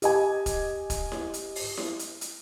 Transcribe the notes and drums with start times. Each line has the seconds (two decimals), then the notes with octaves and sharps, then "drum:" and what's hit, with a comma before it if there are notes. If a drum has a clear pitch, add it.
0.02 G4 D#5 G#5, drum: hi-hat
0.46 drum: kick, hi-hat
0.90 drum: kick, hi-hat
1.12 drum: snare E4
1.34 drum: hi-hat
1.55 drum: open hi-hat
1.77 drum: snare E4
1.99 drum: hi-hat
2.21 drum: hi-hat